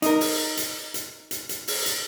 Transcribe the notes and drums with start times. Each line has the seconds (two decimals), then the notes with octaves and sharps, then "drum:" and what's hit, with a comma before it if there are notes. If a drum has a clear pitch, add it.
0.02 D#4 A#4, drum: hi-hat
0.21 drum: open hi-hat
0.57 drum: hi-hat
0.94 drum: hi-hat
1.31 drum: hi-hat
1.49 drum: hi-hat
1.68 drum: open hi-hat
1.86 drum: hi-hat